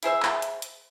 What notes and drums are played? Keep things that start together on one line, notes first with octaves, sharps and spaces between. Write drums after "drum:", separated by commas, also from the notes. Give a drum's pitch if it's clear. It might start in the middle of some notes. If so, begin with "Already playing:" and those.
E4 G#4 C5 E5, drum: hi-hat
drum: clap
drum: hi-hat
drum: hi-hat